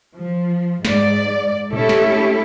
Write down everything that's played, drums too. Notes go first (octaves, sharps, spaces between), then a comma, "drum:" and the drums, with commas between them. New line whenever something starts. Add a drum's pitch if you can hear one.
F3
G#2 D5, drum: snare
A3 C#4 E4 G4 A4, drum: tom A#2
drum: snare